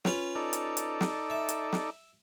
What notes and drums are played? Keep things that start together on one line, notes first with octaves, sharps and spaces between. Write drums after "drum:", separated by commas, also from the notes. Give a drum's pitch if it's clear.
C#4 F4 B4, drum: snare
D#4 A4 D5
drum: hi-hat
drum: hi-hat
drum: snare
E5
drum: hi-hat
drum: snare